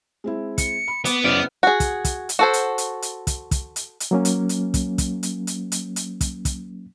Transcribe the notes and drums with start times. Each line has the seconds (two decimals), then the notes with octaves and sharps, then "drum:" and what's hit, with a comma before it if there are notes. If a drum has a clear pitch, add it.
0.24 G#3 C4 E4
0.58 C#7, drum: kick, hi-hat
0.88 B5
1.05 B3 D6, drum: hi-hat
1.24 F#2 C#3 E4 C5 D5 F6
1.63 F#4 G#4
1.80 drum: kick, hi-hat
2.05 drum: kick, hi-hat
2.29 drum: hi-hat
2.39 F#4 A4 C5
2.53 drum: hi-hat
2.78 drum: hi-hat
3.02 drum: hi-hat
3.27 drum: kick, hi-hat
3.51 drum: kick, hi-hat
3.76 drum: hi-hat
4.00 drum: hi-hat
4.11 F#3 A#3 C#4
4.25 drum: hi-hat
4.49 drum: hi-hat
4.74 drum: kick, hi-hat
4.98 drum: kick, hi-hat
5.23 drum: hi-hat
5.47 drum: hi-hat
5.72 drum: hi-hat
5.96 drum: hi-hat
6.21 drum: kick, hi-hat
6.45 drum: kick, hi-hat